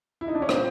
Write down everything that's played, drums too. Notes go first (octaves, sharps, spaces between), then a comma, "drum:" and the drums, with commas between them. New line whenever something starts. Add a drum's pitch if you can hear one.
E4
D#4
D4
C#4
A#2 C4, drum: rim click